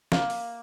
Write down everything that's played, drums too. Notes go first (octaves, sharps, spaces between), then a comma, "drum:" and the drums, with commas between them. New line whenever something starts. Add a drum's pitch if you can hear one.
A#3, drum: snare
drum: open hi-hat